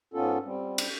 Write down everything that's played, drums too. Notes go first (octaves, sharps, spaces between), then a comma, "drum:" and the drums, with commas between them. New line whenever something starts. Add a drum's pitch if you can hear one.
G#2 B3 C#4 F4 A4
G3 C4
drum: cymbal